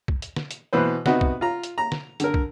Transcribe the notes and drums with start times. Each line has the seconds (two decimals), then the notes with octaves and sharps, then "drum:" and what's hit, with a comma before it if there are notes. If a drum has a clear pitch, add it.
0.08 drum: kick
0.22 drum: hi-hat
0.36 drum: snare
0.51 drum: hi-hat
0.73 B2 E3 B4 C5
1.06 C3 B3 D#4 F#4 B4, drum: snare
1.21 drum: kick
1.41 F4 A#5
1.64 drum: hi-hat
1.78 A#5
1.92 drum: snare
2.20 D3 A#4, drum: hi-hat
2.34 drum: kick